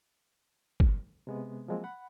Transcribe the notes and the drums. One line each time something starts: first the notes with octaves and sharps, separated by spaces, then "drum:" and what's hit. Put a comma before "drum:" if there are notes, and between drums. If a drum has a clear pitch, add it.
drum: kick
C3 G#3 B3
F3 F#3 G#3 A#3 C4
F#5 B5